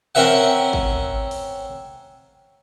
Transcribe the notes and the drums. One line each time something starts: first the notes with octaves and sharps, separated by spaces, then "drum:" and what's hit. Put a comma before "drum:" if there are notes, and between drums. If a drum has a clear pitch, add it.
C4 C#4 A#4 E5 F#5
drum: kick G#1
drum: open hi-hat